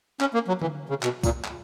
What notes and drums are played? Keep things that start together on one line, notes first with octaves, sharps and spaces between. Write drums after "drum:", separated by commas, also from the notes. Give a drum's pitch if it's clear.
C#4, drum: clap
A#3
F#3
E3, drum: tom D3
C#3
B2, drum: clap
A#2, drum: kick C2, tambourine
drum: clap